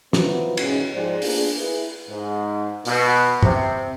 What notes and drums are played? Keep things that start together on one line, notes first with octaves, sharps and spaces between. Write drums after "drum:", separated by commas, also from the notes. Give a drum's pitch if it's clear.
F3 F#3 B3 E4 F#4, drum: snare
G#2 B2 D#3 E3 C#4 G#4, drum: cymbal
G#2 F3 G4 G#4 C5 D5
A#3 B3 D4 F4 G#4, drum: open hi-hat
E4 G#4 B4
G#2
B2, drum: open hi-hat
C3, drum: tom